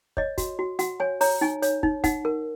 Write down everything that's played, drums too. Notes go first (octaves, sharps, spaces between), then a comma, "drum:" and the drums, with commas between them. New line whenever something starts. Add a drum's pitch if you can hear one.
C#5 D#5, drum: kick
F#4, drum: kick, hi-hat
F#4
F#4 F#5, drum: hi-hat
C#5 G#5
C#5 A#5, drum: open hi-hat
D#4 G#5
C#5, drum: hi-hat
D#4, drum: kick
D#4 F#5, drum: kick, hi-hat
A#4